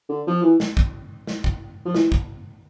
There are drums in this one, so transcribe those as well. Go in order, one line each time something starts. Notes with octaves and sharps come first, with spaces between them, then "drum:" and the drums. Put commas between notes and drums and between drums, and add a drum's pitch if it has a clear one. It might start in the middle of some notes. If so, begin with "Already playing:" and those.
D3
F3
E3
drum: snare
drum: kick
drum: snare
drum: kick
F3
E3, drum: snare
drum: kick